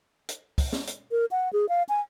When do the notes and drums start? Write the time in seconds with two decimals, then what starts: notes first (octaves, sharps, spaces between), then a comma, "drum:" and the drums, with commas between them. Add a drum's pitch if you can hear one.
0.29 drum: hi-hat
0.58 drum: kick, open hi-hat
0.73 drum: snare
0.87 drum: hi-hat
1.11 A#4
1.31 F#5
1.53 G#4
1.69 F5
1.89 G#5